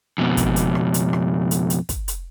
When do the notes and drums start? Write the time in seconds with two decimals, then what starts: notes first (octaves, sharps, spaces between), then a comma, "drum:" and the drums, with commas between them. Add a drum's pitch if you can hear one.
0.18 F2 B2
0.37 drum: kick, hi-hat
0.56 drum: hi-hat
0.75 drum: rim click
0.94 drum: hi-hat
1.13 drum: rim click
1.51 drum: hi-hat
1.70 drum: hi-hat
1.89 drum: kick, hi-hat
2.08 drum: hi-hat